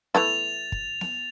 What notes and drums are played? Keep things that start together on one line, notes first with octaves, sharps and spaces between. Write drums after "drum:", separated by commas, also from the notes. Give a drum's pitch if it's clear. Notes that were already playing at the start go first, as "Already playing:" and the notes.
E3 A3 E4 A6 F7, drum: snare B3
drum: kick
drum: snare B3